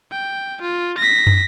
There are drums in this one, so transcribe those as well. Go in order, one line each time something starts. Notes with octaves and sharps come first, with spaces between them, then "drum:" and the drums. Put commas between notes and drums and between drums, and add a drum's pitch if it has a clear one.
G5
F4
A#6 B6
drum: tom